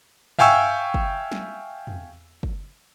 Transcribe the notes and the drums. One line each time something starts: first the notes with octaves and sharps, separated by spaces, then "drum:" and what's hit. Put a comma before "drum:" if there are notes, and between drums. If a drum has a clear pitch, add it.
E5 F5 G5 G#5 C#6 E6, drum: tom
drum: kick
drum: snare
drum: tom
drum: kick